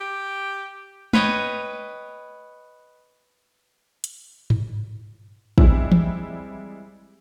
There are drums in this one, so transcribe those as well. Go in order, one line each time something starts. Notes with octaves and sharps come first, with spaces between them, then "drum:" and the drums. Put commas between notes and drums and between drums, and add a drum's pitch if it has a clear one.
G4
B4 C#5 D#5 G5, drum: tom
drum: hi-hat
drum: tom G2
G3 G#3 C4 E4, drum: kick
drum: tom